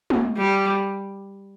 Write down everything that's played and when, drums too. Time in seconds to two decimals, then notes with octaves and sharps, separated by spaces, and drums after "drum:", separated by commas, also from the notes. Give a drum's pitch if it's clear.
0.10 drum: tom
0.37 G3